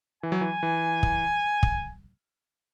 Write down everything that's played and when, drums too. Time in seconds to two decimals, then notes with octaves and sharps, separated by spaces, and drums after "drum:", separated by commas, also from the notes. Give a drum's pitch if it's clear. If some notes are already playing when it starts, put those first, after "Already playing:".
0.23 E3 G#5
0.32 F#3
0.41 E3
0.63 E3
1.03 drum: kick
1.63 drum: kick